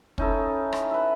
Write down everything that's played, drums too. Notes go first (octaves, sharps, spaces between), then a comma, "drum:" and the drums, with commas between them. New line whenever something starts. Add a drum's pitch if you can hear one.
C#4 D#4 E4 A4, drum: kick
drum: rim click
B4 E5